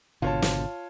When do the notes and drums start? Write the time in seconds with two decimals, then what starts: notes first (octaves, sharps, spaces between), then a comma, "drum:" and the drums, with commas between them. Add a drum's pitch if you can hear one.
0.22 G#1 B2 D3 F4 C#5 A5
0.42 drum: snare